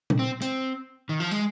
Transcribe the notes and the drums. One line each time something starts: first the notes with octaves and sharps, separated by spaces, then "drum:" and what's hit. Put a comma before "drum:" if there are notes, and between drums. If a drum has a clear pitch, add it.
drum: tom
C4
C4, drum: hi-hat
D#3
F3
G#3, drum: tambourine